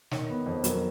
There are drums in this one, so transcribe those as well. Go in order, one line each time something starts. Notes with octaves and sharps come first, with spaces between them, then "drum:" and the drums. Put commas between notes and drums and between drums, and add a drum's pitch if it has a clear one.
D#3 C#5, drum: snare
B3
F2
F#3 A#4, drum: hi-hat